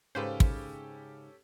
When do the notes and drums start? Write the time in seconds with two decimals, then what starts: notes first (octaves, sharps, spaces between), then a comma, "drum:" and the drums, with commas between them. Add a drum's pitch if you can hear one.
0.15 G#2 C#3 C#4 G4 A4 B4 C5
0.40 drum: kick